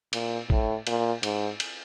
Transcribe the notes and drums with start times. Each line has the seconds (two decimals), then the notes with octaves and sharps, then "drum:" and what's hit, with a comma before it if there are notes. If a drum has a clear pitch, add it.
0.13 A#2, drum: cymbal
0.50 A2, drum: kick
0.87 A#2, drum: cymbal
1.23 G#2, drum: cymbal
1.60 drum: cymbal